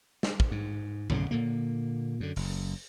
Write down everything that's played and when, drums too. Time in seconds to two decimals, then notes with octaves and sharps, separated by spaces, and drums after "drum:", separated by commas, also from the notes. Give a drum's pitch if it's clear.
0.23 drum: snare
0.40 drum: kick
0.51 G#2
1.10 B1 F#2 A2 C#3, drum: tom D3
1.31 A#2 D3 A#3
2.20 F#2 D3
2.36 F#1, drum: open hi-hat